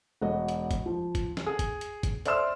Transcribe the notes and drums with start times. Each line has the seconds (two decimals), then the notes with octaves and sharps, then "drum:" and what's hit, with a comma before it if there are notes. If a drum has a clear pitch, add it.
0.22 E1 F#4 D#5
0.48 drum: hi-hat
0.71 drum: kick, hi-hat
0.86 F3
1.15 drum: kick, hi-hat
1.37 drum: snare
1.46 G#4
1.59 drum: kick, hi-hat
1.81 drum: hi-hat
2.03 drum: kick, hi-hat
2.26 C5 D5 E5 C6 E6 F6, drum: hi-hat